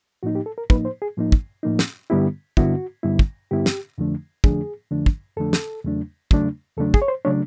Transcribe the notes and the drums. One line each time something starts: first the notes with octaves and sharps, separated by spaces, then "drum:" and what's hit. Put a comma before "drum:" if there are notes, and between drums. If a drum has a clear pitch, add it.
A2 F3 A#3 D#4 F#4
G4
A4
A#4
A2 F3 A#3 D#4 B4, drum: kick
C5
G#4
A2 F3 A#3 D#4
drum: kick
A2 F3 A#3 D#4
drum: snare
G2 D3 G3 B3 E4 G4
G2 D3 G3 B3 E4 F#4, drum: kick
G2 D3 G3 B3 E4
drum: kick
G2 D3 G3 B3 E4 G4
drum: snare
F2 D3 F3 A3 D4
F2 D3 F3 A3 D4 G#4, drum: kick
F2 D3 F3 A3 D4
drum: kick
F2 D3 F3 A3 D4 A4
drum: snare
E2 C#3 F#3 A3 D4
E2 C#3 F#3 A3 D4, drum: kick
E2 C#3 F#3 A3 D4 A4
G#4, drum: kick
C#5
C5
C#3 F#3 A3 D4 C#5